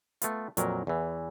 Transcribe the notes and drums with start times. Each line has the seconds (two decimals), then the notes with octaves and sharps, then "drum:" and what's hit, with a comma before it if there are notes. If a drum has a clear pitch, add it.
0.22 A3 B3 F4, drum: hi-hat
0.57 F2 A#2 F#3 A#4, drum: hi-hat
0.87 E2 E3